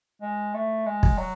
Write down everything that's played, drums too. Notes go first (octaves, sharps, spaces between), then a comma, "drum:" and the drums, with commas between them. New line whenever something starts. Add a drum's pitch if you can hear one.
G#3
A3
G#3
drum: kick
F#3